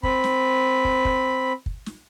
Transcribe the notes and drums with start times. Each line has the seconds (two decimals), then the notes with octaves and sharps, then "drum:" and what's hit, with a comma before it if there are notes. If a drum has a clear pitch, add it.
0.03 C4 B5, drum: kick
0.24 drum: snare
0.85 drum: kick
1.05 drum: kick
1.66 drum: kick
1.86 drum: snare